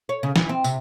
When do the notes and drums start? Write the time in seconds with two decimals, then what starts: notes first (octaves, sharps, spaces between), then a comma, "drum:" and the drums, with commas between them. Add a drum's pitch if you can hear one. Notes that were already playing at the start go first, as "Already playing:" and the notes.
0.09 C#5
0.23 C#3
0.36 E3, drum: snare
0.49 C4
0.64 C3, drum: tambourine